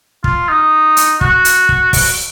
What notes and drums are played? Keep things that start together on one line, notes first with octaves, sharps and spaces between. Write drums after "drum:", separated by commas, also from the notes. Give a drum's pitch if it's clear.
F4, drum: kick
D#4
drum: hi-hat
F#4, drum: kick
drum: hi-hat
drum: kick
drum: kick, open hi-hat